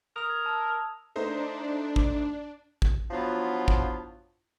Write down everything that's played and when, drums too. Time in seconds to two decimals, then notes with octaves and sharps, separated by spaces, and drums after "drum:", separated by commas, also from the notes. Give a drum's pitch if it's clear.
0.16 A#4 D#6 F7
0.30 G#6
0.46 A5 E6 F6
1.16 A3 D4 D#4 C5
1.96 drum: kick A1
2.82 drum: kick A1
3.11 F3 F#3 B3 D4 E4 F4
3.68 drum: kick A1